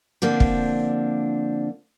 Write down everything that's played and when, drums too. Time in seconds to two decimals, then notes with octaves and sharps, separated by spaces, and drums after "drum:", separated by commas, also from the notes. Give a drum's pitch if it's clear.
0.22 D3 F3 A#3 C4 D4
0.40 drum: kick